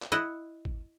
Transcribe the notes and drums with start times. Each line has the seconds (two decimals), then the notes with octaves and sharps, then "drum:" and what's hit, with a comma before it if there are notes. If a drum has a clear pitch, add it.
0.02 drum: clap
0.12 E4 D#5 F#5
0.65 drum: kick G#1